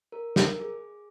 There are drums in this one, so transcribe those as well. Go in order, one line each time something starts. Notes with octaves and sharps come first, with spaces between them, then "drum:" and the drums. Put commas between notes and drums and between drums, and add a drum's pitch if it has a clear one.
A#4
A#4, drum: snare
G#4